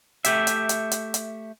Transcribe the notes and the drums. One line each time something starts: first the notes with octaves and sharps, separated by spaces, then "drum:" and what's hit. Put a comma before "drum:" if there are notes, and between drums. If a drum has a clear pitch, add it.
A3 G4 E5, drum: hi-hat
drum: hi-hat
drum: hi-hat
drum: hi-hat
drum: hi-hat